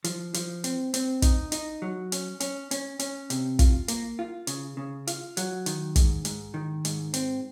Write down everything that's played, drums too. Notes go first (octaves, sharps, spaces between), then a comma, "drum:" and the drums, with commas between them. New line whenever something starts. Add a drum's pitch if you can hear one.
F3, drum: hi-hat
F3, drum: hi-hat
C4, drum: hi-hat
C4, drum: hi-hat
D#4, drum: kick, hi-hat
D#4, drum: hi-hat
F#3
C#4, drum: hi-hat
C#4, drum: hi-hat
C#4, drum: hi-hat
C#4, drum: hi-hat
C3, drum: hi-hat
F4, drum: kick, hi-hat
A#3, drum: hi-hat
F4
C#3, drum: hi-hat
C#3
F4, drum: hi-hat
F#3, drum: hi-hat
D#3, drum: hi-hat
G#2, drum: kick, hi-hat
G#2, drum: hi-hat
D#3
G#2, drum: hi-hat
C4, drum: hi-hat